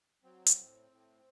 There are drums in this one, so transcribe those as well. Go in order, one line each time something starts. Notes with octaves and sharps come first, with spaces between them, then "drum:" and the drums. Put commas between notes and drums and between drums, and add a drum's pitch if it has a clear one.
F#3 C4
drum: hi-hat
A2
A2